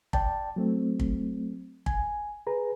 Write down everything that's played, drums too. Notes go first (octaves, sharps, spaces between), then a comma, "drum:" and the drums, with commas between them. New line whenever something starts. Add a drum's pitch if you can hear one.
D5 G5 A5, drum: kick
F#3 A3 C4
drum: kick
G#5, drum: kick
G#4 B4 A#5